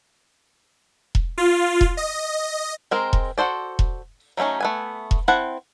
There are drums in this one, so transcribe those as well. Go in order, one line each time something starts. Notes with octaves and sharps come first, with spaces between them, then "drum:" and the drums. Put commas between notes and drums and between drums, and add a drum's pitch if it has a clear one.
drum: kick E1
F4
drum: kick E1
D#5
G#3 C4 A#4
drum: kick E1
F#4 A4 C5 D5
drum: kick E1
F#3 A3 C4 C#4 D#4
A3 B3 G#5
drum: kick E1
C4 E4 F#5 A5